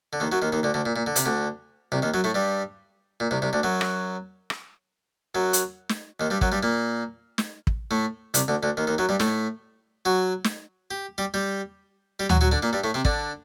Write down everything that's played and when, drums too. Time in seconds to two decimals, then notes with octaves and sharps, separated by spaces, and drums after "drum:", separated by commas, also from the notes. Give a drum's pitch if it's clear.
0.13 D3
0.20 D#2 D#3
0.32 F#2 F#3
0.42 D#2 D#3
0.52 D#2 D#3
0.63 D2 D3
0.74 D2 D3
0.86 A#2
0.96 A#2
1.06 D3
1.16 C3, drum: hi-hat
1.26 D2 D3
1.92 C2 C3
2.02 D#2 D#3
2.14 F#2 F#3
2.24 A2 A3
2.34 G2 G3
3.20 A#2
3.31 C2 C3
3.42 C2 C3
3.53 D2 D3
3.63 F#2 F#3
3.81 drum: rim click
4.50 drum: rim click
5.35 F#2 F#3
5.53 drum: hi-hat
5.89 drum: snare
6.20 D#2 D#3
6.30 G2 G3
6.41 F#2 F#3, drum: kick
6.52 G2 G3
6.63 A#2 A#3
7.38 drum: snare
7.67 drum: kick
7.91 A2 A3
8.34 C2 C3, drum: hi-hat
8.48 D2 D3
8.63 D2 D3
8.77 D#2 D#3
8.87 D#2 D#3
8.98 F#2 F#3
9.09 G2 G3
9.20 A2 A3, drum: snare
10.05 F#3 F#4
10.44 drum: snare
10.91 G4
11.18 G3 G4
11.34 G3 G4
12.20 G3 G4
12.30 F#3 F#4, drum: tom D2
12.41 F#3 F#4
12.51 D3 D4
12.62 A#2 A#3
12.73 G2 G3
12.84 A2 A3
12.94 C3 C4
13.05 D3 D4, drum: kick